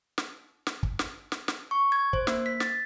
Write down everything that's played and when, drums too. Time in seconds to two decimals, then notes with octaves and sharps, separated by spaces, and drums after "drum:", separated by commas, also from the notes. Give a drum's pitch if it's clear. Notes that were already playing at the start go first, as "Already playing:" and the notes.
0.18 drum: snare
0.67 drum: snare
0.83 drum: kick
0.99 drum: snare
1.32 drum: snare
1.48 drum: snare
1.71 C#6
1.92 G#6
2.13 C5, drum: kick
2.27 A#3, drum: snare
2.46 B6
2.60 A6, drum: snare